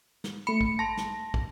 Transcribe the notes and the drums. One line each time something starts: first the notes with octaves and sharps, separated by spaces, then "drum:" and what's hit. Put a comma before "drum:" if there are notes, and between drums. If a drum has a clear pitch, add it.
drum: snare
A3 B5 C#7
drum: kick
A5 C6 A#6
drum: snare
drum: kick